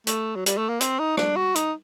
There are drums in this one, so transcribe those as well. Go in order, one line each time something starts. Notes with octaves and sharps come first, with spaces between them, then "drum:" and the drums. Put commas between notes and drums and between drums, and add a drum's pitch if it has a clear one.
A3, drum: hi-hat
F#3
G3, drum: hi-hat
A3
A#3
C4, drum: hi-hat
D#4
D4, drum: rim click
F#4
D#4, drum: hi-hat